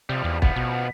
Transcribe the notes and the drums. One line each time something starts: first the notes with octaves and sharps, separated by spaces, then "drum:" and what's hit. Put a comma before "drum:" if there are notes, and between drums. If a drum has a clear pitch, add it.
C3 F3 G3
E2
F3 B3, drum: kick
B2